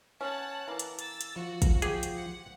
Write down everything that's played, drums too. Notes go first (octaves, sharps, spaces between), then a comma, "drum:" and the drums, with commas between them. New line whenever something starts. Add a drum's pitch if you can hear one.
C#4 F#5 A5 F#6
E3 A#3
drum: hi-hat
E6 A6, drum: hi-hat
drum: hi-hat
F3 F#4
drum: kick, hi-hat
G4 G#4, drum: hi-hat
drum: hi-hat
F#5